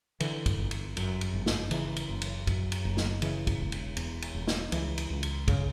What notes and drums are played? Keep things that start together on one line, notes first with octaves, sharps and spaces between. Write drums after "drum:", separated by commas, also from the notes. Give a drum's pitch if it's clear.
D3 E3, drum: cymbal
drum: kick, cymbal
G1
drum: cymbal
F#2, drum: cymbal
drum: cymbal
G1
drum: snare
C#3 E3, drum: cymbal
drum: cymbal
F#1
drum: cymbal
F#2, drum: kick, cymbal
drum: cymbal
F#1
drum: snare
C#3 E3, drum: cymbal
drum: kick, cymbal
E1
drum: cymbal
E2, drum: cymbal
drum: cymbal
E1
drum: snare
C#2 E3, drum: cymbal
drum: cymbal
C#2
drum: cymbal
C#3, drum: kick, cymbal